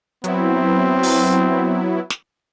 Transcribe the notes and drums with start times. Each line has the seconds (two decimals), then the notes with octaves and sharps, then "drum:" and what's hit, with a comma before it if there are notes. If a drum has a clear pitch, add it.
0.24 F#3 B3 C4 E4, drum: hi-hat
1.03 drum: open hi-hat
2.10 drum: snare